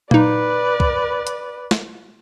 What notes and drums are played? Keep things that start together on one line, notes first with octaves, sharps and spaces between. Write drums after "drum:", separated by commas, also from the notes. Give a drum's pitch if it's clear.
A#3 D#4 B4 D5, drum: tom A#2
drum: kick
drum: hi-hat
drum: snare